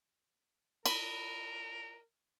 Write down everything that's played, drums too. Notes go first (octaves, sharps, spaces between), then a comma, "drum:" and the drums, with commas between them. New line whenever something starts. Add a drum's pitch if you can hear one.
A#4 B5, drum: cymbal